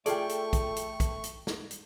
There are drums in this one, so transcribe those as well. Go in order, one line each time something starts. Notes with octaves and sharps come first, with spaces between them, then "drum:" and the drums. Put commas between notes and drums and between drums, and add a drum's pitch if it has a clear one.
A3 F4 G#4 A4 D5 G5 C#6, drum: hi-hat
drum: hi-hat
drum: kick, hi-hat
drum: hi-hat
drum: kick, hi-hat
drum: hi-hat
drum: snare
drum: hi-hat